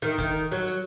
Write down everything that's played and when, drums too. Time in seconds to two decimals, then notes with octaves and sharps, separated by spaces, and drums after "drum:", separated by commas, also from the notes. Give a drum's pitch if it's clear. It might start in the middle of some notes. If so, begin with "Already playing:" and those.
0.02 D#3
0.18 D#3, drum: kick, hi-hat
0.51 F#3
0.67 drum: hi-hat